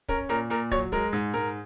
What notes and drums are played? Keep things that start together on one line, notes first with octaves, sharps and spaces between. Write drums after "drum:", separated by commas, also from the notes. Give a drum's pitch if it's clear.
C#4 A#4, drum: kick, hi-hat
A#2 A#4, drum: hi-hat
A#2 A#4, drum: hi-hat
F#3 C#5, drum: kick, hi-hat
G#3 A#4, drum: kick, hi-hat
G#2, drum: hi-hat
G#2 A#4, drum: hi-hat